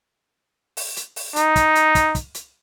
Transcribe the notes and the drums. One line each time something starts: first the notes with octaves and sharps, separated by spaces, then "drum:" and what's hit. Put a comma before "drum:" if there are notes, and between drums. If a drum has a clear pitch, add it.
drum: open hi-hat
drum: hi-hat
drum: open hi-hat
D#4, drum: hi-hat
drum: kick, hi-hat
drum: hi-hat
drum: kick, hi-hat
drum: kick, hi-hat
drum: hi-hat